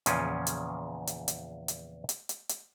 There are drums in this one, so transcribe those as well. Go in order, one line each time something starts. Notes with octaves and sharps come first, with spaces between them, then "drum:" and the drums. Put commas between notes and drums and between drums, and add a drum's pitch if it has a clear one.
E2 A#2 C#3 F3 C#4, drum: hi-hat
drum: hi-hat
drum: hi-hat
drum: hi-hat
drum: hi-hat
drum: hi-hat
drum: hi-hat
drum: hi-hat